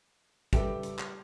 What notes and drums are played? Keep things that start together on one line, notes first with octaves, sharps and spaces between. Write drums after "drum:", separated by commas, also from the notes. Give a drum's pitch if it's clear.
G3 G4 A4 B4 E5 G5, drum: kick, hi-hat
drum: hi-hat
drum: clap